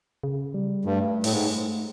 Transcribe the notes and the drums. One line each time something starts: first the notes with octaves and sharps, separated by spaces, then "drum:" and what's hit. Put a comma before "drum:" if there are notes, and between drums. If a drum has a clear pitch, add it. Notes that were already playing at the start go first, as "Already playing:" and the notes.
C#3
G3
G2 A3
A2, drum: open hi-hat
G#2